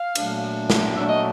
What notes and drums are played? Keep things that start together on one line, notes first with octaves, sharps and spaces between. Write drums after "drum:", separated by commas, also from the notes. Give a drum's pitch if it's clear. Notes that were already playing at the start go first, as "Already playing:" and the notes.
Already playing: F5
A#2 F#3 A3 D4, drum: cymbal
drum: snare
A#2 F#3 A3 D4 E5
D#5